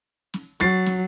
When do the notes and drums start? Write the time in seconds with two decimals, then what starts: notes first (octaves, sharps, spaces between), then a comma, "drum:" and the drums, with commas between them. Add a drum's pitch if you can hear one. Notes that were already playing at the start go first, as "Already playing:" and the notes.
0.34 drum: snare
0.60 F#3 C#6 A6 C7, drum: snare
0.86 drum: snare